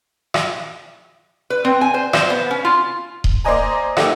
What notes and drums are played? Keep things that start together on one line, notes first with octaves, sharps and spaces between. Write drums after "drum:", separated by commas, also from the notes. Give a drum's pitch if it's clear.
drum: rim click
B4
C4
G#5
C5
C5, drum: rim click
B3
C#4
F4
drum: kick D#1
A#3 C5 D5 D#5 G#5 A#5
A#3 D#4 G4 A4 E5 F#5, drum: rim click